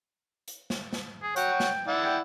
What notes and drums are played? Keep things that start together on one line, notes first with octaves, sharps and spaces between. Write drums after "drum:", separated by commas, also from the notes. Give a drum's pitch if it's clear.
drum: hi-hat
drum: snare
drum: snare
G#4
C#5 F#5 G5, drum: hi-hat
drum: snare
E4 D5 F#5
G5